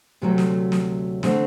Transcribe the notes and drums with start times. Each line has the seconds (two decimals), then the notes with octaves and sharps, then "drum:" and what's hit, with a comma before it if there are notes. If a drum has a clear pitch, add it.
0.21 D2 C3 F#3 A3
0.38 drum: snare
0.72 drum: snare
1.23 D3 A3 C4, drum: snare